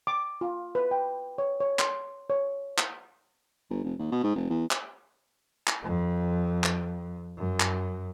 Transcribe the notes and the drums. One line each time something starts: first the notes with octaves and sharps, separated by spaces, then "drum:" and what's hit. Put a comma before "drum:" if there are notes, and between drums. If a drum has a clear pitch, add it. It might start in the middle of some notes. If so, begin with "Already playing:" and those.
D6
F4
B4
G5
C#5
C#5
C6, drum: clap
C#5
drum: clap
G1
F1
D#2
B2
G#2
F1
E2
drum: clap
drum: clap
F2
drum: clap
F#2
drum: clap